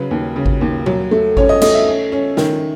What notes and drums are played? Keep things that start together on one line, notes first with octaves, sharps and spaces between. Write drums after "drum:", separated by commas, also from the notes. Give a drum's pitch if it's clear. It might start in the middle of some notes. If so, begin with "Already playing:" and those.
Already playing: C#3 F#3 B4
D#2
C#3
drum: kick G#1
D#2
F#3, drum: tom B2
A3
C#4 C#5, drum: kick G#1
D#5
A3 D#5, drum: cymbal
E5
C#4
C#4
D#3, drum: snare